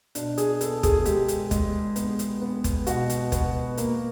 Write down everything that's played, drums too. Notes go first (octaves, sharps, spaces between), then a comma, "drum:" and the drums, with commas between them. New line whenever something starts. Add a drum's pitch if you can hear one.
B2 D4, drum: hi-hat
G#4, drum: hi-hat
B3 A4, drum: hi-hat
G#4, drum: kick, hi-hat
G#3 G4, drum: hi-hat
drum: hi-hat
G#3, drum: kick, hi-hat
B3, drum: hi-hat
drum: hi-hat
B3
drum: kick, hi-hat
B2 F#4, drum: hi-hat
drum: hi-hat
B3, drum: kick, hi-hat
A#3, drum: hi-hat